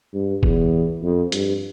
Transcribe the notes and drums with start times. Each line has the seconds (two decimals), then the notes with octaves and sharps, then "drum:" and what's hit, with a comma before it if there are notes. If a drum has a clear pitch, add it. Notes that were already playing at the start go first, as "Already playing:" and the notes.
0.14 G2
0.43 E2, drum: kick F#1
1.03 F2
1.32 G2, drum: hi-hat